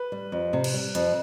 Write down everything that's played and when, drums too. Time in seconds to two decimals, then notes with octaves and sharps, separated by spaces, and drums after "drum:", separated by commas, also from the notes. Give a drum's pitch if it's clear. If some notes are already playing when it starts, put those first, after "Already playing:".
Already playing: B4
0.12 G3
0.32 F2
0.53 C3
0.64 drum: cymbal
0.74 G3
0.95 F2, drum: hi-hat